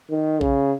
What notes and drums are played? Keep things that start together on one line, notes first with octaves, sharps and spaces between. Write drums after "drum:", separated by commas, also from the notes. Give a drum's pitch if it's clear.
D#3
C#3, drum: kick A#1